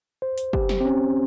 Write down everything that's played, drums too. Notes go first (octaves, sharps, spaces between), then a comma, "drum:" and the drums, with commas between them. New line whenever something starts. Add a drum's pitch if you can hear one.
C5
drum: hi-hat
G4, drum: kick
drum: snare
C4
C#4